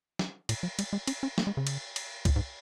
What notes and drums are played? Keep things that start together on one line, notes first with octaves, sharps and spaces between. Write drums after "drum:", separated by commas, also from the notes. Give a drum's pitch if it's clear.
drum: snare
A#2, drum: cymbal
F#3
G#3, drum: cymbal
G#3
C#4, drum: cymbal
C#4
A#3, drum: snare
G#3
C#3
drum: cymbal
drum: cymbal
A#2, drum: kick, cymbal
G#2